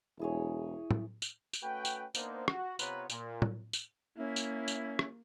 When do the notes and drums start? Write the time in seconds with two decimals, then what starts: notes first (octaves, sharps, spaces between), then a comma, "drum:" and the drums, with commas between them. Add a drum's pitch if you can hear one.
0.19 E1 E4 G#4 C#5
0.91 drum: tom
1.22 drum: tambourine
1.53 drum: tambourine
1.63 A3 C#4 F#4 B4 G5
1.85 drum: tambourine
2.15 A#3 B3 D4 D#4 C5, drum: tambourine
2.48 F#4, drum: rim click
2.79 C3 B3 F4 B4 C#5 A#5, drum: tambourine
3.10 A#2, drum: tambourine
3.42 drum: tom
3.73 drum: tambourine
4.17 A#3 C#4 E4 E5
4.36 drum: tambourine
4.68 drum: tambourine
4.99 drum: rim click